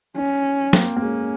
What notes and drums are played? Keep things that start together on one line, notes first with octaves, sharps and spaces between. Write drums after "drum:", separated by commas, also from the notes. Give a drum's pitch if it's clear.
C#4
A#3 C4, drum: snare
A#3
G#3 C#4